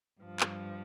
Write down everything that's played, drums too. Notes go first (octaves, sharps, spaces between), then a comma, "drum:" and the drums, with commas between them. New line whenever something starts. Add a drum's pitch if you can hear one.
G2 F3
drum: clap